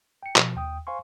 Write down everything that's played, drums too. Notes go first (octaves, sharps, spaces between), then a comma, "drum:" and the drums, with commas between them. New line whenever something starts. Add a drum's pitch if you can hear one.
G5 C#7
B2 F3, drum: clap
D#2 G5 D#6
C5 F5 G#5 C6 C#6